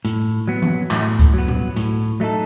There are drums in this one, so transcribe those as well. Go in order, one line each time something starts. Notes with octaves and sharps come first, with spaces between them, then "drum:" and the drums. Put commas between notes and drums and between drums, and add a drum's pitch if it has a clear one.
A2, drum: hi-hat
F#3 B3
drum: tom E3
A2, drum: clap
drum: kick C#2, hi-hat
F#3 B3
drum: tom A2
A2, drum: hi-hat
F#3 A3 D#4 A4